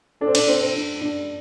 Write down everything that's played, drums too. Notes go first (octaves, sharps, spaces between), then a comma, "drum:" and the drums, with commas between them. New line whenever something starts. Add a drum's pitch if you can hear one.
D4 A4
C4
D4, drum: cymbal
C4 D4
C4
D4
D4